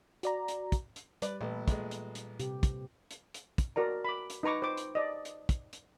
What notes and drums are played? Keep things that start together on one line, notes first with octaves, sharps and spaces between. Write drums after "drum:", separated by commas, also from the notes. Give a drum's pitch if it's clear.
F#4 D5 A#5, drum: hi-hat
drum: hi-hat
drum: kick, hi-hat
drum: hi-hat
G3 B4 D5, drum: hi-hat
A1 A#2 A4 B4
A1 G#3, drum: kick, hi-hat
drum: hi-hat
drum: hi-hat
C3 G4, drum: hi-hat
drum: kick, hi-hat
drum: hi-hat
drum: hi-hat
drum: kick, hi-hat
F#4 A#4 D5 A#5
B5 D6
drum: hi-hat
D#4 B4 A#5 C#6 D6
C5 D6
drum: hi-hat
D5 D#5
drum: hi-hat
drum: kick, hi-hat
drum: hi-hat